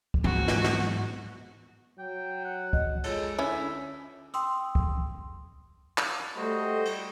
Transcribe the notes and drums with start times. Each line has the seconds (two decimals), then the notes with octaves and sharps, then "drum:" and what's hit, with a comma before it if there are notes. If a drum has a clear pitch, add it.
0.14 drum: kick
0.24 G#2 E3 F#3 B3 C4 F#4
0.48 drum: snare
0.64 drum: snare
1.98 F#3 G5
2.44 F#5
2.73 D#5, drum: kick
3.04 G#3 F4 A4 C#5, drum: cymbal
3.38 D3 C#4 E4 E5
4.34 G5 C6 D#6 E6, drum: hi-hat
4.75 drum: kick
5.98 drum: clap
6.37 G3 A3 F#4 C5 D#5
6.85 drum: cymbal